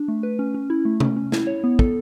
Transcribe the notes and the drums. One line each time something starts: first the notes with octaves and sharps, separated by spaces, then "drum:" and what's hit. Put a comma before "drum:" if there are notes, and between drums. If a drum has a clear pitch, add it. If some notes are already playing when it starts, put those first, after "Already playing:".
Already playing: D4
A3
B4
C#4
C#4
E4
A3
C#4, drum: tom C3
C#4
E4, drum: snare
C#5
B3
A4, drum: kick